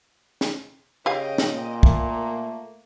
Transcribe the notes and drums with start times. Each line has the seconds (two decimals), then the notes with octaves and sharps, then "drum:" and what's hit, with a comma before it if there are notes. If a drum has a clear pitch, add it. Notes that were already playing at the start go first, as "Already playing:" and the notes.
0.41 drum: snare
1.06 C#3 G4 D#5 F5 G5 G#5
1.38 A#2, drum: snare
1.83 A3 A#3, drum: kick